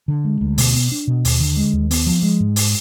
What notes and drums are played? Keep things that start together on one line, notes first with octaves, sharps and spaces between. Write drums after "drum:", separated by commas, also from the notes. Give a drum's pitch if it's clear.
D3
G#3
D2
B2, drum: open hi-hat
B3
D4
B2
D#2, drum: open hi-hat
D3
G#3
D#2
B3, drum: open hi-hat
F3
G#3
G#2
drum: open hi-hat